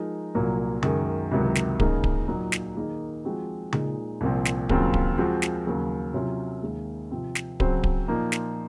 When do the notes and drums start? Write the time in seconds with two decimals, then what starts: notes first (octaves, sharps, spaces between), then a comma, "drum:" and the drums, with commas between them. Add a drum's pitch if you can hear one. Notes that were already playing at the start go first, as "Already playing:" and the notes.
Already playing: F3 G#3 D#4 A#4
0.35 C2 A#2 F#3 A#3
0.83 F#2 D#3 G#3, drum: tom C#3
1.31 C#2 C3 D#3 F#3
1.55 drum: snare
1.80 D#2 C#3 G#3 D#4 A#4, drum: kick D1
2.04 drum: kick D1
2.28 A#2 F#3 A#3 D#4
2.52 drum: snare
2.76 D#3 A#3 D#4 G#4
3.25 F3 G#3 C4 F#4
3.73 A#2 G#3 D#4, drum: tom C#3
4.21 C2 A#2 F3 C4
4.45 drum: snare
4.69 D#2 C#3 F#3 C4 F4, drum: kick D1
4.94 drum: kick D1
5.18 F3 G#3 C4 F#4
5.42 drum: snare
5.67 D#2 C#3 F#3
6.14 C3 F#3 C#4 F4
6.63 D#2 D#3 G#3
7.11 C3 F3 C4
7.35 drum: snare
7.60 C#3 F#3 C4 F#4 C5, drum: kick D1
7.84 drum: kick D1
8.08 A#2 F3 A#3 D#4
8.32 drum: snare